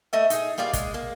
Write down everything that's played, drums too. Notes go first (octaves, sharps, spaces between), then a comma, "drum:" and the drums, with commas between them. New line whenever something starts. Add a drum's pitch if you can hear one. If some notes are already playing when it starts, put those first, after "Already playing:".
A3 D#5 E5
D#4 G#4, drum: hi-hat
G3 A#3 F4 D5
G#3, drum: kick, hi-hat
A#3